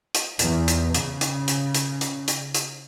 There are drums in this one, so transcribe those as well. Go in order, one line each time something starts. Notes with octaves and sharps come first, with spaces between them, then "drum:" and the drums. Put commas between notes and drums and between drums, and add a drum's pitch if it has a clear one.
drum: hi-hat
E2, drum: hi-hat
drum: hi-hat
C#3, drum: hi-hat
drum: hi-hat
drum: hi-hat
drum: hi-hat
drum: hi-hat
drum: hi-hat
drum: hi-hat